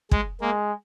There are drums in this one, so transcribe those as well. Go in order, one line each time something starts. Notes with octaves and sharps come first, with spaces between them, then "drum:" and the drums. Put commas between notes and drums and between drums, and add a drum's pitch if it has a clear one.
G#3, drum: kick
G#3 A#3